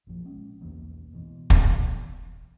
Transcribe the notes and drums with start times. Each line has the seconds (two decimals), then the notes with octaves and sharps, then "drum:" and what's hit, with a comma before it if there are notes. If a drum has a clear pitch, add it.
0.07 A#1 A#2 F3
0.25 G#3 C#4
0.61 B1 E2 E3 A#3
1.13 B2 E3
1.50 drum: kick